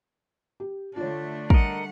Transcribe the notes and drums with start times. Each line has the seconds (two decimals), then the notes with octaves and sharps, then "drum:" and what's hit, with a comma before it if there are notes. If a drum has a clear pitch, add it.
0.60 G4
0.97 D3 A3 D4 F4 C#5
1.50 G3 A#4 D#5 F#5, drum: kick